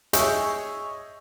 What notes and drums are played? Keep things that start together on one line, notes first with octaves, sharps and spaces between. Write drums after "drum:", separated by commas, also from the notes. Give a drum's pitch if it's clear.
G#4 C#5 D#5 E5 C#6 G6, drum: hi-hat